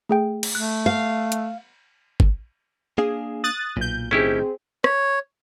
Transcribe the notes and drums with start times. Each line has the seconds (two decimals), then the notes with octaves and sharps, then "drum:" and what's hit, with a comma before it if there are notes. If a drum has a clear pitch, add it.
0.09 A3 G#4 G5
0.43 drum: cymbal
0.55 A3 F#6
0.86 F5
1.32 drum: hi-hat
2.20 drum: kick
2.98 A#3 D4 G#4 F5
3.44 D#6 F#6 A6
3.77 B1 A#2 G6
4.11 A2 D#3 C4 C#4 D#4 E4 G4 G#4
4.84 C#5, drum: rim click